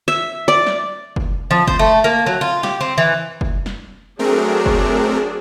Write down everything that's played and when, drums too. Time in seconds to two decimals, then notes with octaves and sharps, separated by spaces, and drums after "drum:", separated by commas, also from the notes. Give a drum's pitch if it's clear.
0.08 E5
0.48 D5
0.66 drum: snare
1.16 drum: kick
1.51 F3
1.67 C5, drum: kick
1.79 A3
2.04 A#3
2.27 F#3
2.41 F4
2.63 G4, drum: snare
2.81 C4
2.98 E3
3.41 drum: kick
3.66 drum: snare
4.19 F#3 A3 C4 D4 G#4 A#4
4.66 drum: kick